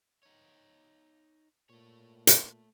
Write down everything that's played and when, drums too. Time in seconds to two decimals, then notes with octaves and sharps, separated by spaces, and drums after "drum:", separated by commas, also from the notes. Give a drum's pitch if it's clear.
0.23 D#4 C#5
1.70 A#2 A3 C#5
2.27 drum: hi-hat